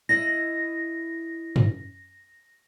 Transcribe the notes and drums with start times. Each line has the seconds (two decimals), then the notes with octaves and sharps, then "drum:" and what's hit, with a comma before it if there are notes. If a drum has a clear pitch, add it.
0.09 E4 D#5 A#6
1.56 drum: tom